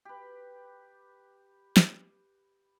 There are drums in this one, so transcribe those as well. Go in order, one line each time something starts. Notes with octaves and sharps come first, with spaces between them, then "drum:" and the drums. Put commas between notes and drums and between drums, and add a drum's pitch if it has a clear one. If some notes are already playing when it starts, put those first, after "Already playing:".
G4 B4
drum: snare